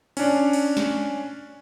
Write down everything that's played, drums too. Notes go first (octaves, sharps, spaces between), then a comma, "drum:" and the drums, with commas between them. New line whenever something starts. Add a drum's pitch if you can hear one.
C#4 D4, drum: cymbal
drum: cymbal
drum: snare